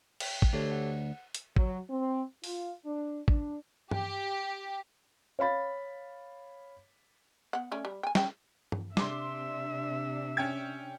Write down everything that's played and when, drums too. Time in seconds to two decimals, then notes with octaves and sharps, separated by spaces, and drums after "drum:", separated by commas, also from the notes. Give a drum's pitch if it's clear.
0.20 G5, drum: cymbal
0.42 drum: kick
0.53 D2 G4 A4 C#5
0.72 F#5
1.35 drum: hi-hat
1.56 F#3, drum: kick
1.89 C4
2.44 F4, drum: open hi-hat
2.85 D4
3.28 D4, drum: kick
3.91 G4, drum: tom G2
5.39 C#5 F5 B5 A6
7.53 B3 F#5
7.71 A3 C#4 D5
7.85 G3
8.03 G5 G#5
8.15 C#4 G5, drum: snare
8.72 drum: tom G2
8.97 C3 D4 E5 C6 D6, drum: snare
10.37 C#4 G5 G#6